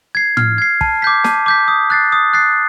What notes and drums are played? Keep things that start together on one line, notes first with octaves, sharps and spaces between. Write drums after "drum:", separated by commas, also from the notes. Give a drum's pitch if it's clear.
G#6 C7
F6, drum: tom A2
G#6 C7
A5, drum: kick
D6 G6 B6
A5, drum: snare
D6 G6 B6
D#6
F#6 A6 C7
D#6
F#6 A6 C7